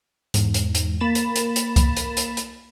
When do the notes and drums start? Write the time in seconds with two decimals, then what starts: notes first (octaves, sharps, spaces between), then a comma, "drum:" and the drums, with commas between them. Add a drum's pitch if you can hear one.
0.34 E2 G#2, drum: hi-hat
0.54 drum: hi-hat
0.75 drum: hi-hat
1.00 A#3 B5 A6 E7
1.15 drum: hi-hat
1.36 drum: hi-hat
1.56 drum: hi-hat
1.76 drum: kick C2, hi-hat
1.97 drum: hi-hat
2.17 drum: hi-hat
2.37 drum: hi-hat